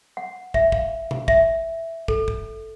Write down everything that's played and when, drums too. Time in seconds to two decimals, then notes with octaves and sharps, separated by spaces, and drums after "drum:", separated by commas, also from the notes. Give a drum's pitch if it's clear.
0.17 F#5
0.54 E5, drum: kick
0.72 F5, drum: kick
1.11 drum: tom B2
1.28 E5, drum: kick
2.08 A4, drum: kick
2.28 drum: kick